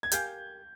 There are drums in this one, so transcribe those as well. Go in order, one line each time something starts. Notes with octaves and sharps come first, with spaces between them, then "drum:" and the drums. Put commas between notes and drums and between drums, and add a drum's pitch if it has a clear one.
G#6
G4 A#4 F5 G#5 G6, drum: hi-hat